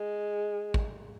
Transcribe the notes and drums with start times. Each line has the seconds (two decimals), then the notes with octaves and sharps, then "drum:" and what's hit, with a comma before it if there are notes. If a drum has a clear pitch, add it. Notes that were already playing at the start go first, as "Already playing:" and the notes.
Already playing: G#3
0.74 drum: kick